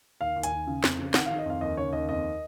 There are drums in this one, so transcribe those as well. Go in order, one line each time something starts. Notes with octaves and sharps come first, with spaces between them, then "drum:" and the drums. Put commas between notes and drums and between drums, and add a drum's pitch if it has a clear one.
D#2 F5
D#2
G#5, drum: hi-hat
D#2
C#3
F2, drum: snare
C#3
D#3 F#5, drum: snare
F5
D#3
D#5
F2 F5
D#2 D#5
C#3 C#5
D#2 D#5
F2 D#5